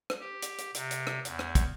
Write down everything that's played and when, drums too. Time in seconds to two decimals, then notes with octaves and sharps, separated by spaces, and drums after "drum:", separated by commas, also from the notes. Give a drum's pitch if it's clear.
0.10 drum: rim click
0.20 G4
0.42 drum: hi-hat
0.58 drum: hi-hat
0.75 C3, drum: hi-hat
0.91 drum: hi-hat
1.07 drum: rim click
1.25 E2, drum: hi-hat
1.39 drum: rim click
1.55 drum: kick, hi-hat